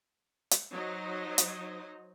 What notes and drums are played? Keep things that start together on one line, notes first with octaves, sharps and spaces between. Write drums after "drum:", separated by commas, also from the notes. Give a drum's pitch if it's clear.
drum: hi-hat
F#3 D#4 C5 D#5
drum: hi-hat